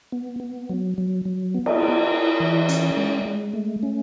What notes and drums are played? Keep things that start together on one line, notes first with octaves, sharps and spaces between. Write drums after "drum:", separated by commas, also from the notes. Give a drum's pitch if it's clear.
B3
B3
F#3
F#3
F#3
B3
drum: cymbal
E4
E4
E3
C#4, drum: hi-hat
G#3
G#3
A3
C#4